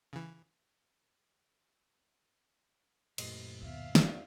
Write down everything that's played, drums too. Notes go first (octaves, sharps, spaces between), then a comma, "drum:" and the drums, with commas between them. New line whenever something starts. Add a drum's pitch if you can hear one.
C#3 E3
A1 F#2 A#2 C5 D#5, drum: cymbal
D2 B2 E5 F5
E2 G2 G3 D#4 F4, drum: snare